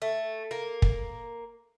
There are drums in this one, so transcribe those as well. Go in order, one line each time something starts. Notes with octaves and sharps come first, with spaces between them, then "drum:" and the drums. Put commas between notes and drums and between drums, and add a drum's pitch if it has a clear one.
A3
A#3
drum: kick